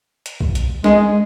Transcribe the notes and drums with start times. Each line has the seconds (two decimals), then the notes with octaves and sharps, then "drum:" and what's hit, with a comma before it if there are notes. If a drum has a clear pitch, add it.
0.26 drum: hi-hat
0.41 drum: kick B1
0.55 drum: hi-hat
0.84 G#3, drum: snare D4